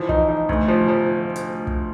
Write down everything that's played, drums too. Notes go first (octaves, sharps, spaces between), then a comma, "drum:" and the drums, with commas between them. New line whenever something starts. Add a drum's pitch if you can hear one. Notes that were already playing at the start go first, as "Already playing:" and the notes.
Already playing: E3 F3
D#4, drum: kick
D#4
D2, drum: kick
F3
F3
drum: hi-hat
drum: kick